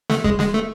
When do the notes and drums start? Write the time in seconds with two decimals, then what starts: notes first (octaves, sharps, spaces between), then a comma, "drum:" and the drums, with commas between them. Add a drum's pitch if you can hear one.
0.10 A3, drum: snare
0.24 G#3, drum: kick C#1
0.39 G#3, drum: snare
0.54 A3